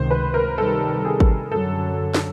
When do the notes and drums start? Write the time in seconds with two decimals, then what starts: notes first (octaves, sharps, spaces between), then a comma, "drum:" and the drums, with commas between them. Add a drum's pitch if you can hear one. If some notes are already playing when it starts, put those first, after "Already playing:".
Already playing: C#2 C3 D#3 C5
0.11 B4
0.34 A#4
0.58 C3 D#3 G3 A4
1.05 G#4
1.20 drum: kick G#1
1.51 F#2 D3 F#3 A4
2.15 drum: snare